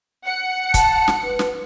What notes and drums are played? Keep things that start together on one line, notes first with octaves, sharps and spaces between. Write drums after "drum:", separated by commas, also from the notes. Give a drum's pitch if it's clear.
F#5 C#7
A5, drum: kick, hi-hat
drum: snare
B4
drum: snare